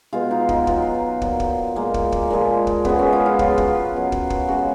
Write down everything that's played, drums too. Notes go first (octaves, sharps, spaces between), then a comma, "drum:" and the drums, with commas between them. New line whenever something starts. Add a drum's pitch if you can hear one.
B2 G#3 F4
D#4
D#4, drum: kick
B2 F#3 F4, drum: kick
A#2 F#3, drum: kick
drum: kick
A#2 G#3 A#3
drum: kick
drum: kick
A#2 F3 G#3
drum: kick
C#3 G#3 B3, drum: kick
C#4
F4
F4
C#3 F#3 F4, drum: kick
drum: kick
B2 F#3
drum: kick
drum: kick
C#3 G#3 F#4